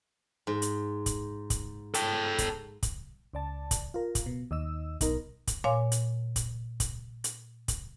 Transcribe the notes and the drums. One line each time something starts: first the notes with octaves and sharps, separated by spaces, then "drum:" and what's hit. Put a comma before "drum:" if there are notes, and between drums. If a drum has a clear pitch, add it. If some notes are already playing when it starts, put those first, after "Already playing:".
G#2
drum: hi-hat
drum: kick, hi-hat
drum: kick, hi-hat
A4 G5, drum: hi-hat
drum: kick, hi-hat
drum: kick, hi-hat
C#2 D5 A5
drum: kick, hi-hat
F4 A#4
drum: kick, hi-hat
B2
D#2 D#5 E6
B1 D#4 A#4, drum: kick, hi-hat
drum: kick, hi-hat
A#2 C#5 F5 G#5 C6 D6
drum: hi-hat
drum: kick, hi-hat
drum: kick, hi-hat
drum: hi-hat
drum: kick, hi-hat